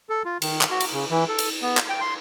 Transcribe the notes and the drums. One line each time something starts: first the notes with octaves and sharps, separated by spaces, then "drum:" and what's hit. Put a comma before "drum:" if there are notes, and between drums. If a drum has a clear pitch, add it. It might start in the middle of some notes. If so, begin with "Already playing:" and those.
A4
F4
D#3, drum: cymbal
drum: clap
F#4
drum: cymbal
C#3
E3
A4
drum: cymbal
B3
drum: clap
G5
C6